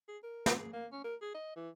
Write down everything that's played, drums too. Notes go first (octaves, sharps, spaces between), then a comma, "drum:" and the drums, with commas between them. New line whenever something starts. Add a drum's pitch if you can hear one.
G#4
A#4
drum: snare
G#4
A#3
C#4
A#4
G#4
D#5
E3